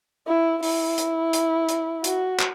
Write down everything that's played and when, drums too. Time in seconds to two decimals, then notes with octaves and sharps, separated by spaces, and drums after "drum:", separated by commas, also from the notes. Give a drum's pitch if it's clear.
0.27 E4
0.63 E4, drum: open hi-hat
0.98 drum: hi-hat
1.33 drum: hi-hat
1.69 drum: hi-hat
2.04 F#4, drum: hi-hat
2.39 drum: clap